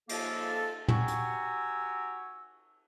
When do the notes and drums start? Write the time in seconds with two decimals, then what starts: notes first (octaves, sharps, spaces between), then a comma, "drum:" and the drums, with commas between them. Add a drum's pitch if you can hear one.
0.09 F3 G#3 A#3 F4 A4, drum: cymbal
0.88 F#4 G4 G#5 A#5 C#6 E6, drum: tom
1.08 drum: hi-hat